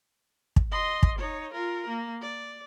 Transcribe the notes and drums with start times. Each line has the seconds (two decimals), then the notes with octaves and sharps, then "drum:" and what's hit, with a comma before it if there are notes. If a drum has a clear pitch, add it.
0.56 drum: kick
0.72 D#5 C6
1.03 drum: kick
1.18 D#4 C#5
1.53 F4 A#4
1.88 A#3
2.21 D5